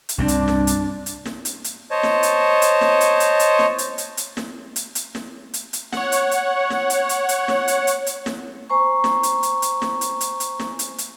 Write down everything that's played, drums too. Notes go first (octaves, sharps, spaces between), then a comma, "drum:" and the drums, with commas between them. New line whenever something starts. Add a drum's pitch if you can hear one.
drum: hi-hat
C2 G2 C4 D4
drum: hi-hat
drum: snare
drum: hi-hat
drum: hi-hat
drum: snare
drum: hi-hat
drum: hi-hat
C5 C#5 D#5 A5
drum: snare
drum: hi-hat
drum: hi-hat
drum: snare
drum: hi-hat
drum: hi-hat
drum: hi-hat
drum: snare
drum: hi-hat
drum: hi-hat
drum: hi-hat
drum: snare
drum: hi-hat
drum: hi-hat
drum: snare
drum: hi-hat
drum: hi-hat
C#5 F#5, drum: snare
drum: hi-hat
drum: hi-hat
drum: snare
drum: hi-hat
drum: hi-hat
drum: hi-hat
drum: snare
drum: hi-hat
drum: hi-hat
drum: hi-hat
drum: snare
C5 G#5 A#5 C#6
drum: snare
drum: hi-hat
drum: hi-hat
drum: hi-hat
drum: snare
drum: hi-hat
drum: hi-hat
drum: hi-hat
drum: snare
drum: hi-hat
drum: hi-hat